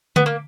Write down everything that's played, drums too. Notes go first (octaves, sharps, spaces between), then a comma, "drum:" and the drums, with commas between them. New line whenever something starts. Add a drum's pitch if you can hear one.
B3, drum: tom D3
A#3